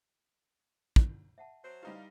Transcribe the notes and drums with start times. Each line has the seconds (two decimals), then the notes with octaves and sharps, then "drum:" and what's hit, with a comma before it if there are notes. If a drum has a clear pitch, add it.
0.96 drum: kick
1.38 E5 F#5 A5
1.64 F#3 C5
1.83 G3 D#4 E4 G4 B4 F5